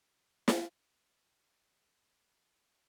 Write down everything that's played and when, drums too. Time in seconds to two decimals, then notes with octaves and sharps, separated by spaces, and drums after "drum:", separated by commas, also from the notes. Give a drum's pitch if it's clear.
0.48 drum: snare
1.09 E4 D5 F5 B5
1.83 F4 C5